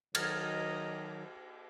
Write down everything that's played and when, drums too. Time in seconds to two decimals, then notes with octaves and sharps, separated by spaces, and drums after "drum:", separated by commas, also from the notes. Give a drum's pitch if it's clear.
0.15 D#3 F#3 D#5 A#5 F6 G#6 A6, drum: cymbal